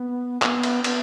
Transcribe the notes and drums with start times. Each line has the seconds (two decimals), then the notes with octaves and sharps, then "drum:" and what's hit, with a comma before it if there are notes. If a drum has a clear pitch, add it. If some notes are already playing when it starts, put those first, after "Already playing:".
Already playing: B3
0.42 B3, drum: clap
0.63 drum: cymbal
0.84 B3, drum: cymbal